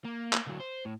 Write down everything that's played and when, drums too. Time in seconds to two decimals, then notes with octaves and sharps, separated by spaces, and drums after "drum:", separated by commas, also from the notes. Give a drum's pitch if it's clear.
0.05 A#3
0.33 drum: clap
0.47 D3 F#3
0.61 C5
0.85 A2